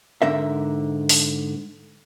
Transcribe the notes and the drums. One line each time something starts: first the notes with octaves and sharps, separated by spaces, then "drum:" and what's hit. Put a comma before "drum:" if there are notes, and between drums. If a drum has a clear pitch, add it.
G#2 D3 A#4 E5
drum: open hi-hat